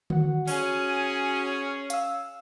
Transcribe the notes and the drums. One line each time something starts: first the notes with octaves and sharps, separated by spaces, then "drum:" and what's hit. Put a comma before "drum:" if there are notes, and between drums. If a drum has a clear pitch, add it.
F#4 F#5, drum: tom D3
C#4 G#4, drum: open hi-hat
F5 E6, drum: hi-hat